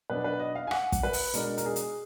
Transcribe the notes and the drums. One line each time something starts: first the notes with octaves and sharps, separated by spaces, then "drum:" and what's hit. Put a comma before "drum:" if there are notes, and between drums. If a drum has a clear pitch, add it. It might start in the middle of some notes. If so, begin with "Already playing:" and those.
B2 F#3 D4 B4
B4
D#5
F5
G#5
F#5, drum: rim click
drum: kick, hi-hat
B4
drum: open hi-hat
B2 G#3 D4 A#4, drum: hi-hat
A#4, drum: hi-hat
G#4
drum: hi-hat